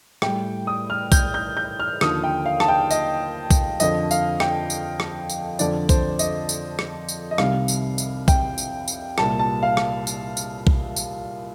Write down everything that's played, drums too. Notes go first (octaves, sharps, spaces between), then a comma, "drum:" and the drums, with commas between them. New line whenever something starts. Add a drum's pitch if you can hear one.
A2 G3 G5, drum: rim click
D#6
F6
G6, drum: kick B1, tambourine
G6
G6
F6
D#2 D3 F3 D#6, drum: rim click
G5
F5
A5, drum: rim click
G5
D#5, drum: tambourine
drum: kick B1, tambourine
F2 D3 F3 D#5, drum: tambourine
F5, drum: tambourine
G5, drum: rim click
drum: tambourine
drum: rim click
drum: tambourine
F2 D3 F3 D5, drum: tambourine
C5, drum: kick B1, tambourine
D#5, drum: tambourine
drum: tambourine
drum: rim click
drum: tambourine
D#5
C2 C3 D#3 G3 F5, drum: rim click
drum: tambourine
drum: tambourine
G5, drum: kick B1, tambourine
drum: tambourine
drum: tambourine
C2 A#2 G3 A5, drum: rim click
A5
F5
drum: rim click
drum: tambourine
drum: tambourine
drum: kick B1
drum: tambourine